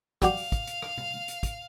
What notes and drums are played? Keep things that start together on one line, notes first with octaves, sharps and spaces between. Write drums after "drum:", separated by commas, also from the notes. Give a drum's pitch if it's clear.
G3 F#4 G4 F5, drum: kick, hi-hat
drum: open hi-hat
drum: kick, hi-hat
drum: hi-hat
drum: rim click
drum: tom B2
drum: hi-hat
drum: kick, hi-hat